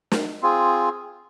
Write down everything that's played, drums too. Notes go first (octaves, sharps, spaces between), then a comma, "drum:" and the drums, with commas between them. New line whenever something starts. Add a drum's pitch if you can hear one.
drum: snare
C4 F4 G#4